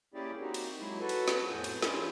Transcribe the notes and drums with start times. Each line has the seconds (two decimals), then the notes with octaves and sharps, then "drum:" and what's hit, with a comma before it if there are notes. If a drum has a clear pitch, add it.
0.14 A#3 C#4 E4 G4 G#4 D5
0.41 A#3 C4 D#4 F#4 G4
0.54 drum: cymbal
0.80 F#3 G#3 E4
1.00 F#4 A4 B4
1.09 drum: cymbal
1.28 drum: snare
1.50 F2 A2 F3 B3 G#5 G6
1.64 drum: cymbal
1.82 C#4 D4 E4 F4 G4, drum: snare